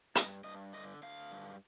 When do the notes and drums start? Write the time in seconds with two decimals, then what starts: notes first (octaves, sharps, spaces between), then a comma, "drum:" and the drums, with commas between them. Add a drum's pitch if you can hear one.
0.15 G2 D#5, drum: hi-hat
0.44 G2 D#5
0.73 D3 D#5
1.03 D3 F5
1.32 G2